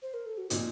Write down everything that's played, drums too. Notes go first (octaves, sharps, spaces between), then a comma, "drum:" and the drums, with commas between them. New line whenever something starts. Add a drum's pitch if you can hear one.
C5
A#4
A4
F#4
A#2 F3 C4 D#4 F4, drum: hi-hat